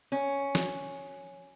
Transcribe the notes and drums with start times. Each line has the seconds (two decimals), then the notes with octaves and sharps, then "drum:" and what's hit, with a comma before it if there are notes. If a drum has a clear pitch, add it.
0.12 C#4
0.55 drum: snare